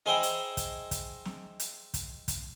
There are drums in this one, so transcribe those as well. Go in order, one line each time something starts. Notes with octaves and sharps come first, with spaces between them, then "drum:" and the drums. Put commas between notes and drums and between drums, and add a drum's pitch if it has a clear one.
D#4 G#4 C5 E5 G5 B5
drum: hi-hat
drum: kick, hi-hat
drum: kick, hi-hat
drum: snare
drum: hi-hat
drum: kick, hi-hat
drum: kick, hi-hat